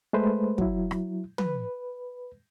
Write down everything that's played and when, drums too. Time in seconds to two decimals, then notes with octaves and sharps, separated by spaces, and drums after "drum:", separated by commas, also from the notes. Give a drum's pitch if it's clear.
0.13 G#3 A3 B4 C5
0.58 F#3 E4, drum: kick
0.91 drum: rim click
1.38 B4, drum: tom